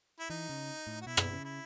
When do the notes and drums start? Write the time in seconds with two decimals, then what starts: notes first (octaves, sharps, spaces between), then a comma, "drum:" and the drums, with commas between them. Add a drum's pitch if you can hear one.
0.20 E4
0.30 E3 D#4
0.49 C#3
0.87 A2
1.01 F#4
1.07 B2 E4
1.17 drum: rim click
1.32 C#3
1.45 E4